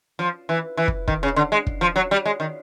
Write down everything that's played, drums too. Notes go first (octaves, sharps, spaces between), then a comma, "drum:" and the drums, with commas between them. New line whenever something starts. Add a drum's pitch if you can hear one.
F3
E3
E3
drum: kick
D#3, drum: kick
C#3
D3
G#3
drum: kick
F3
F#3
G3
G#3
D#3